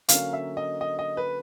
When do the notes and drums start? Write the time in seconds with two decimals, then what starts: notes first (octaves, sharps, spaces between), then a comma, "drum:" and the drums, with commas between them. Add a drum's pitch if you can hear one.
0.09 D3 F#3 A#3 C#4 F5, drum: hi-hat
0.33 E5
0.57 D#5
0.81 D#5
0.99 D#5
1.17 B4